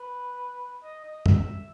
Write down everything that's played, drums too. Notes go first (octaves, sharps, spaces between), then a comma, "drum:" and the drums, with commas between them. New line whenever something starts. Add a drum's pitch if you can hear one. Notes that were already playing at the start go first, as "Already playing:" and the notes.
Already playing: B4
D#5
D#5
E5, drum: tom